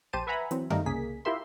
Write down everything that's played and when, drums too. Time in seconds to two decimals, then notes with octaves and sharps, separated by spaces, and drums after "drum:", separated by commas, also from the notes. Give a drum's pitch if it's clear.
0.13 A#1 G4 C5 A5 D#7
0.27 B4 E5 F#5 G#5 A#5 B5
0.51 E3 F#3 C4, drum: hi-hat
0.70 D#3 G3 A3 A#3 D#4 A#4, drum: tom F#2
0.86 C2 C#3 A#3 G#4 B6
1.25 E4 F4 G4 A#4 E5 C6